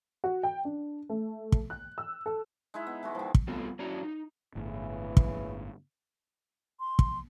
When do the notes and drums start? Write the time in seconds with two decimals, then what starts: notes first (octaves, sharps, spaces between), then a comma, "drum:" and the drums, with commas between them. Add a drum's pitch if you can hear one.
0.24 F#4
0.43 G5
0.65 D4
1.09 A3
1.52 drum: kick
1.70 F#6
1.98 E6
2.26 A4
2.74 G#3 D#4 E4 E5
2.87 B3
3.03 E3 G#3 F#4
3.15 D#3 F3
3.34 drum: kick
3.48 G3 A3 B3 C4 F4 A4
3.79 F#2 C#4 D4 E4 F#4 A#5
4.03 D#4
4.55 G1 A2 C#3 E3
5.17 drum: kick
6.80 C6
6.99 drum: kick